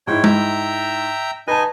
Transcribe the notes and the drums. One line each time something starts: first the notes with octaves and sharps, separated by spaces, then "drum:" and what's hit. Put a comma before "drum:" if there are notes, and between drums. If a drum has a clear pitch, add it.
G#2 E4 C#5 G5
E5 G5 A#5, drum: tom G#3
D#4 B4 D#5 G#5 A5